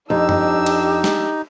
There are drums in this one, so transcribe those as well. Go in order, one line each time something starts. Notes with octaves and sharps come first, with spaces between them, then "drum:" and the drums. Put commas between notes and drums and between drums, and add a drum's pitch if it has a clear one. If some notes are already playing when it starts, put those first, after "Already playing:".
F2 D4 D#4 G4 E6
drum: tom
drum: cymbal
drum: snare